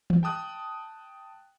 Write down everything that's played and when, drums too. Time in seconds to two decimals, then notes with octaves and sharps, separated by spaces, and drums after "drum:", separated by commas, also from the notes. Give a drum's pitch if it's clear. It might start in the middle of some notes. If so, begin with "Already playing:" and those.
0.10 drum: tom E3
0.23 G5 A5 D#6 F#6